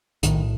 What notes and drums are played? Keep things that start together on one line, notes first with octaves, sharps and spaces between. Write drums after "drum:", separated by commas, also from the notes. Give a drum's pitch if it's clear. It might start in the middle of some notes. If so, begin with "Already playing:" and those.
B1 A2 D#3, drum: hi-hat